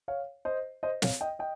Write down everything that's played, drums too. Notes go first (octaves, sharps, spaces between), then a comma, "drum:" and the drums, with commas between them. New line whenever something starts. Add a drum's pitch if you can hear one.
C#5 F5
C5 D#5
C5 D#5
C#5 F5, drum: snare
D#5 G5
D#5 G5